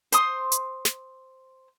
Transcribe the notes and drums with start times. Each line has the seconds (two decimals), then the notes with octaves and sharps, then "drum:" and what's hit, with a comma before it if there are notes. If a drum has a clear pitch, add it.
0.12 C5 C6 D#6, drum: hi-hat
0.52 drum: hi-hat
0.85 drum: snare